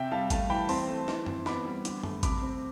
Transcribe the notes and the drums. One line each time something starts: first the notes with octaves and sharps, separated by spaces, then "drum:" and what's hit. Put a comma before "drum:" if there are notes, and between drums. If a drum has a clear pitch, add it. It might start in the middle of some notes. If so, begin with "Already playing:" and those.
Already playing: C3 E5 G5
G3 F5 A5
A3 F5 A5, drum: kick G#1, hi-hat
E3 G5 B5
C4 A5 C6, drum: open hi-hat
A3
E3, drum: snare
C4, drum: tom F#2
B3 B5 D6, drum: snare
G3
D3, drum: hi-hat
A3, drum: tom F#2
C3 B5 D6, drum: kick G#1, hi-hat
C4